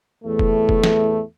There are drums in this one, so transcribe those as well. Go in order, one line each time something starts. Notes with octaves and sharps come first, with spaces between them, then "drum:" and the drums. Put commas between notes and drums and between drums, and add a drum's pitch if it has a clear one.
E2 A2 A3
drum: kick F1
drum: kick F1
drum: snare